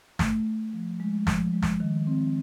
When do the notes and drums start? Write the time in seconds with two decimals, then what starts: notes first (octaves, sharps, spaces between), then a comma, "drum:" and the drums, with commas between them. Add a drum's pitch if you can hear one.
0.19 A3, drum: snare
0.46 A3
0.73 F3
1.00 G#3
1.27 F3, drum: snare
1.53 G#3
1.62 drum: snare
1.80 D#3
2.07 C4